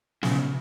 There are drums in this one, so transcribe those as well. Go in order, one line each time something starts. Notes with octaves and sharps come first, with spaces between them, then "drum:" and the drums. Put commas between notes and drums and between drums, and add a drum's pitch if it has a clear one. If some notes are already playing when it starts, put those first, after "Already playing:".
C#3, drum: snare